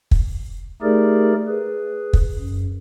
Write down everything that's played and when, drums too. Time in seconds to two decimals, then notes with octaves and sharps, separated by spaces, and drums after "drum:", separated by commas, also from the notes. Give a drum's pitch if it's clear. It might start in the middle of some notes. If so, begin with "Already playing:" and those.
0.11 drum: kick
0.82 A3 D#4 G4 G#4 A#4 D5
1.48 G#4 B4
2.13 drum: kick
2.39 F#2